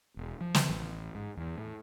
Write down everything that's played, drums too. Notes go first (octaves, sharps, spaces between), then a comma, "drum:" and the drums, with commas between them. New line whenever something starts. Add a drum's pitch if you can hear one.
E1
F3
drum: snare
A1
G#2
E2
A2